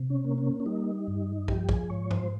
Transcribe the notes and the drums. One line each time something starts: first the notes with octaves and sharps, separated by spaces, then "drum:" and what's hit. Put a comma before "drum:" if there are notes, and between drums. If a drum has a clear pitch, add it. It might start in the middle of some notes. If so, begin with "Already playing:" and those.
Already playing: C3
C#4
A#3
C#4
C#4
G3 D#4
G2
F3 G4, drum: kick
G#4, drum: kick
G#2 C#5
C5, drum: tom